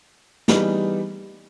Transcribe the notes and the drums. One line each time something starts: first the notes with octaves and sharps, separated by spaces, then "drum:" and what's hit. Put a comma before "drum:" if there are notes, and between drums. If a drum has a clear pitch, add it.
E3 G3 B3 D#4 G#4, drum: snare